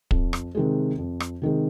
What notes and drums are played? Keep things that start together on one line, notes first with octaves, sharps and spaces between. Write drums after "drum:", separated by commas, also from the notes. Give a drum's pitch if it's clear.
F2, drum: kick
drum: rim click
C3 D#3 G#3
F2
drum: rim click
C3 D#3 G#3